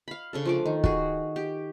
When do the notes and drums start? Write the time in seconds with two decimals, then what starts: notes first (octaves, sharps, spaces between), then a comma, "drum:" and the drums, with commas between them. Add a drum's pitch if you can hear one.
0.08 F5 B5
0.33 C#3 D4 A4
0.45 F3 A3 D6
0.66 D#3
0.84 F#4 G#4, drum: kick
1.36 G4